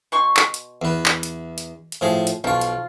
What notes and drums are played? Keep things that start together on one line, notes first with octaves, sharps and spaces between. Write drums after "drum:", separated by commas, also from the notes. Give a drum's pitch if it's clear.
B2 C6 C#6
drum: clap
drum: hi-hat
E2 B4
drum: clap
drum: hi-hat
drum: hi-hat
drum: hi-hat
A2 F3 G#4
drum: hi-hat
B1 F3 F4 C#6
drum: hi-hat